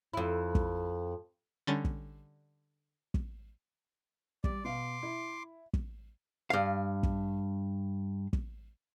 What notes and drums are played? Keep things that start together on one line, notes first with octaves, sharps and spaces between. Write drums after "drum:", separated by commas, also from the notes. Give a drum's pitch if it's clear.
F2 E4
drum: kick
D3 G3 C#4 A6
drum: kick
drum: kick
G3 D5, drum: kick
B2 F5 C6 D6
E4
drum: kick
G2 F5
drum: kick
drum: kick